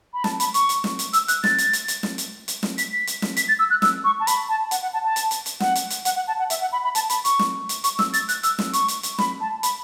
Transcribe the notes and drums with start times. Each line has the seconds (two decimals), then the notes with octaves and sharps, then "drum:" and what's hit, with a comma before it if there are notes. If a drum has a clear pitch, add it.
0.14 B5
0.24 A5, drum: snare
0.40 B5, drum: hi-hat
0.54 C#6, drum: hi-hat
0.69 drum: hi-hat
0.84 drum: snare
0.99 drum: hi-hat
1.13 E6, drum: hi-hat
1.28 F#6, drum: hi-hat
1.44 A6, drum: snare
1.58 drum: hi-hat
1.73 drum: hi-hat
1.88 drum: hi-hat
2.03 drum: snare
2.18 drum: hi-hat
2.48 drum: hi-hat
2.63 drum: snare
2.78 B6, drum: hi-hat
2.93 B6
3.07 drum: hi-hat
3.22 drum: snare
3.37 B6, drum: hi-hat
3.48 A6
3.59 E6
3.70 F#6
3.82 E6, drum: snare
4.04 C#6
4.20 A5
4.27 B5, drum: hi-hat
4.49 A5
4.71 F#5, drum: hi-hat
4.82 F#5
4.93 A5
5.05 A5
5.16 drum: hi-hat
5.31 drum: hi-hat
5.46 drum: hi-hat
5.60 F#5, drum: snare
5.75 drum: hi-hat
5.90 drum: hi-hat
6.05 F#5, drum: hi-hat
6.16 F#5
6.27 A5
6.39 F#5
6.50 E5, drum: hi-hat
6.61 F#5
6.72 B5
6.84 B5
6.95 A5, drum: hi-hat
7.10 B5, drum: hi-hat
7.25 C#6, drum: hi-hat
7.39 drum: snare
7.69 drum: hi-hat
7.84 C#6, drum: hi-hat
7.99 E6, drum: snare
8.13 A6, drum: hi-hat
8.29 F#6, drum: hi-hat
8.43 E6, drum: hi-hat
8.59 drum: snare
8.73 C#6, drum: hi-hat
8.88 drum: hi-hat
9.03 drum: hi-hat
9.18 B5, drum: snare
9.41 A5
9.63 B5, drum: hi-hat